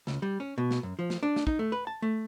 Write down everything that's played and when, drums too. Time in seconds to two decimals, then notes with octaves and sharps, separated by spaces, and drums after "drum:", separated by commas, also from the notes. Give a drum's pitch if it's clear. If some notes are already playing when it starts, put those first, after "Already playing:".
0.07 C#2, drum: snare
0.22 G3
0.40 C#4
0.58 B2
0.71 drum: snare
0.83 F#2
0.99 F3
1.10 drum: snare
1.23 D4
1.36 drum: snare
1.47 D#4, drum: kick
1.59 A3
1.72 B4
1.87 A5
2.02 A3